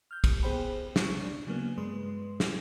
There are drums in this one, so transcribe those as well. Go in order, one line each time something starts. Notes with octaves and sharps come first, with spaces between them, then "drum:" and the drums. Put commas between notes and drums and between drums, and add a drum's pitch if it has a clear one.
F6 G6
drum: kick, cymbal
B3 G#4 C5 G5 B5
C#6, drum: snare
D4
C#3 F#3 A#3 B3
G2 G#3 B4 C6
drum: snare